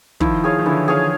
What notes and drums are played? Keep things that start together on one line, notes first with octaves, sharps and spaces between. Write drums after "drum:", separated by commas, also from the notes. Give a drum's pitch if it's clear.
D#3 F3 E4, drum: kick
G#4 C#5 F5
F3
D3 E3 E4
G#4 C#5 F5